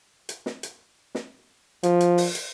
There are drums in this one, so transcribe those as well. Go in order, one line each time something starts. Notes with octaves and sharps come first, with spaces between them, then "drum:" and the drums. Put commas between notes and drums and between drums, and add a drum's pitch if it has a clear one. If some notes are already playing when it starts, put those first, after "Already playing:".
drum: hi-hat
drum: snare
drum: hi-hat
drum: snare
F3, drum: hi-hat
drum: hi-hat
drum: open hi-hat
drum: hi-hat